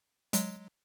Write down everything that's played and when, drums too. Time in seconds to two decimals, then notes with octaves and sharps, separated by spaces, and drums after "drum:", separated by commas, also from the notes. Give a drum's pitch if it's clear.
0.33 F#3 G#3, drum: hi-hat